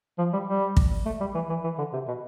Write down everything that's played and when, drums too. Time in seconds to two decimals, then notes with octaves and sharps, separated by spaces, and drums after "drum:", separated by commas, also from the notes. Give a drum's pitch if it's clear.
0.18 F3
0.33 G3
0.48 G3
0.77 drum: kick
1.06 A3
1.20 G3
1.35 E3
1.49 E3
1.64 E3
1.78 D3
1.93 C3
2.08 B2